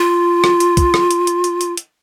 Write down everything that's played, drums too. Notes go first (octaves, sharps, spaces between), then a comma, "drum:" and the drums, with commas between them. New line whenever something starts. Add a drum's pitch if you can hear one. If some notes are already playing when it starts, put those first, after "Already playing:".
Already playing: F4
drum: rim click
drum: hi-hat
drum: kick, hi-hat
drum: rim click
drum: hi-hat
drum: hi-hat
drum: hi-hat
drum: hi-hat
drum: hi-hat